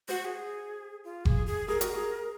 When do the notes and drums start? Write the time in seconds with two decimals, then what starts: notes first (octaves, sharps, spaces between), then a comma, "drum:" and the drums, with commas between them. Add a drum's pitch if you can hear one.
0.09 F#4 C5
0.25 G#4
1.04 F4
1.25 G#4, drum: kick F#1
1.47 G#4
1.68 G#4 A#4
1.81 F#4, drum: hi-hat
1.96 G#4